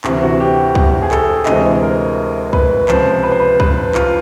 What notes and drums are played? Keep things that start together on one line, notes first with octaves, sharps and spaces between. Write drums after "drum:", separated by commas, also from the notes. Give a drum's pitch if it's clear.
D2 C3 E3, drum: clap
F#4
G4
drum: kick C2
G#4
A4, drum: clap
D2 C3 E3 G#3 D#5, drum: clap
A#4
B4, drum: kick C2
C#2 C3 F3 C5, drum: clap
B4
C5
B4
B4, drum: kick C2
F4, drum: clap